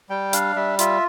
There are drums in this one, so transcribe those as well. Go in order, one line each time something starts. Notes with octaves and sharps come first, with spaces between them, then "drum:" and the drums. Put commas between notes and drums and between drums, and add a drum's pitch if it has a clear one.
G3 G5
D4 F5, drum: hi-hat
G3 E5
F4 E5, drum: hi-hat